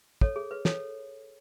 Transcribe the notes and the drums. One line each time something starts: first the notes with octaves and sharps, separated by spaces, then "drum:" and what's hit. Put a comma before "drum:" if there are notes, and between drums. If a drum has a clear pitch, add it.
A4 C#5, drum: kick
G#4
B4
A4 C#5, drum: snare